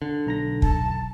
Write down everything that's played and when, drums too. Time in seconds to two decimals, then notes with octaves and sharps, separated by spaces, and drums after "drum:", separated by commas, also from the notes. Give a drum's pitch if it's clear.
0.02 D3
0.26 B1 A#5 A#6
0.62 A5, drum: kick